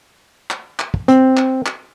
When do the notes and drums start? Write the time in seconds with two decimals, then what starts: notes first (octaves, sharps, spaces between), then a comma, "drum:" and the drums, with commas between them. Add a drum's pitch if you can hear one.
0.50 drum: clap
0.79 drum: clap
0.94 drum: kick
1.08 C4, drum: hi-hat
1.37 drum: clap
1.66 drum: clap